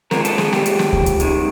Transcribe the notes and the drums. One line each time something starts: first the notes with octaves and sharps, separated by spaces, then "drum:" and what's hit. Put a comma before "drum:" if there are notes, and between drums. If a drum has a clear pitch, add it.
G#2 F3 G#3 C4 A#4, drum: snare
A4, drum: hi-hat
G#4, drum: snare
G4, drum: snare
drum: hi-hat
drum: snare
drum: kick D2
drum: hi-hat
F#2 D#3 G#3, drum: hi-hat